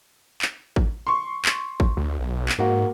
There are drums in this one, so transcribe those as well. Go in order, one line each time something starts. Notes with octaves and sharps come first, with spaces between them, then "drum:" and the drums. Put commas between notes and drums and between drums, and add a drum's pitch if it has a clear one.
drum: clap
drum: kick G#1
C6 C#6
drum: clap
drum: kick G#1
D2
B1
drum: clap
G#2 A#3 F#4